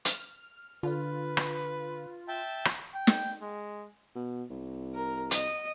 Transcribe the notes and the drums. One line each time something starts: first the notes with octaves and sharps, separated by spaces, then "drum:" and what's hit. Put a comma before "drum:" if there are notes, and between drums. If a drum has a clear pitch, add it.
F6, drum: hi-hat
D3 F4 B4
drum: rim click
E5 G5 A5
drum: rim click
G5
drum: snare
G#3
B2
C2
A#4
D#5, drum: hi-hat